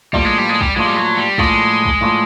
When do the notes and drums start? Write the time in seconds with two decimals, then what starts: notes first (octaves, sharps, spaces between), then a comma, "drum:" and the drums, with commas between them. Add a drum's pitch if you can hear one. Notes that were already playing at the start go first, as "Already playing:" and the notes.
0.13 A2 F3 G3 A#3 D4 F4, drum: kick
0.25 G#3
0.38 G3
0.49 G#3
0.61 G3, drum: kick
0.76 A2 F3 G#3 A#3 D4 F4
0.86 G3
0.97 F#3
1.17 G3
1.38 A2 F3 G#3 A#3 D4 F4, drum: kick
1.85 drum: kick
2.01 A2 F3 A#3 D4 F4